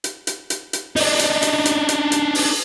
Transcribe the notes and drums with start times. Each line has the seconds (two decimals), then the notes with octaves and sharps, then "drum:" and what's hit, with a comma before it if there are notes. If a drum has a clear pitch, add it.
0.04 drum: hi-hat
0.27 drum: hi-hat
0.50 drum: hi-hat
0.73 drum: hi-hat
0.96 D4 D#4, drum: open hi-hat
1.19 drum: hi-hat
1.42 drum: hi-hat
1.65 drum: hi-hat
1.89 drum: hi-hat
2.12 drum: hi-hat
2.35 drum: open hi-hat